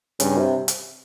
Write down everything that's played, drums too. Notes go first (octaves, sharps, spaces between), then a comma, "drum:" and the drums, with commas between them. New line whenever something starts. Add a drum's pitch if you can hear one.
G2 C#3, drum: hi-hat
C3
drum: hi-hat